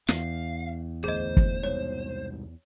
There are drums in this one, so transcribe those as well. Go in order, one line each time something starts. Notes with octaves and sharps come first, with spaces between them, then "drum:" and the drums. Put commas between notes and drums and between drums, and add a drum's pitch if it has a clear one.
E2 F5, drum: snare
A1 D2 G#4 C5 D#5
drum: kick
C2 G#2 B2 C#5